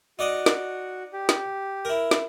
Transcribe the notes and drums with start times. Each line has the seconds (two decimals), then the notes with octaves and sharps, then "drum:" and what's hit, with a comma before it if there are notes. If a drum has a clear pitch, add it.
0.19 D#4 F#4 D5 D#5
0.46 drum: snare
1.13 G4
1.29 drum: snare
1.85 E4 A#4
2.11 drum: snare